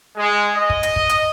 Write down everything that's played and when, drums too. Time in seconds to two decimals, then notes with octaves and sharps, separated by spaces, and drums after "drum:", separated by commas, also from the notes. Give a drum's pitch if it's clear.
0.17 G#3
0.54 D#5
0.70 drum: kick
0.83 drum: hi-hat
0.96 drum: kick
1.09 drum: hi-hat